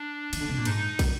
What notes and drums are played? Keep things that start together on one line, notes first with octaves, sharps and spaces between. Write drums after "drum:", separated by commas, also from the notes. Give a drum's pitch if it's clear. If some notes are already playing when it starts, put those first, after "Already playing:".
Already playing: D4
D#3, drum: cymbal
D3
C3
A#2
G#2 D#4, drum: cymbal
drum: kick, cymbal